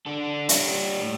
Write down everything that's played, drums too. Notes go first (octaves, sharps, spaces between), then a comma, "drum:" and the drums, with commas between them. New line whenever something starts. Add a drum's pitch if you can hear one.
D4 A4
G3 C#5, drum: hi-hat
A2